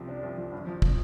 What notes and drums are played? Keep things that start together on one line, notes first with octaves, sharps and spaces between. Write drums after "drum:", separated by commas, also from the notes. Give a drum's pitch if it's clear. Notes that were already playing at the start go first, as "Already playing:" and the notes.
Already playing: C2 C3 F3
D4
C2
F3
G1
F3
drum: kick